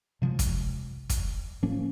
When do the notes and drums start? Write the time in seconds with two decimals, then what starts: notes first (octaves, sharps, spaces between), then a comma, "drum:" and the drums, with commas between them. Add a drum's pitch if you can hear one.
0.22 C3 F3 G#3
0.39 drum: kick, hi-hat
1.10 drum: kick, hi-hat
1.63 A2 F3 A#3 C#4